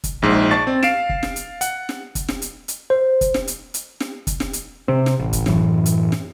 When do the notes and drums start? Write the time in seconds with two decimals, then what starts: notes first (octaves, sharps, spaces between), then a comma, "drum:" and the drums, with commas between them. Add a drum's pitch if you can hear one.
0.04 drum: kick, hi-hat
0.22 A#1 G#2
0.51 D5 A5 C#6 A6
0.67 C4
0.83 F5 C7 D7 E7, drum: snare
1.09 drum: kick
1.23 drum: snare
1.36 drum: hi-hat
1.61 F#5, drum: hi-hat
1.89 drum: snare
2.15 drum: kick, hi-hat
2.28 drum: snare
2.42 drum: hi-hat
2.68 drum: hi-hat
2.90 C5
3.21 drum: kick, hi-hat
3.34 drum: snare
3.47 drum: hi-hat
3.74 drum: hi-hat
4.00 drum: snare
4.27 drum: kick, hi-hat
4.40 drum: snare
4.53 drum: hi-hat
4.88 C3 C4
5.06 drum: snare
5.19 A1
5.33 drum: kick, hi-hat
5.46 F#2 A2 E3, drum: snare
5.86 drum: hi-hat
6.12 drum: snare